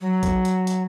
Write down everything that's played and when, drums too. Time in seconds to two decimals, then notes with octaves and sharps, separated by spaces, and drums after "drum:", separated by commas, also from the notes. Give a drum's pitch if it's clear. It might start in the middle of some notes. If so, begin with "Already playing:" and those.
0.01 F#3
0.23 drum: kick A#1, hi-hat
0.45 drum: hi-hat
0.67 drum: hi-hat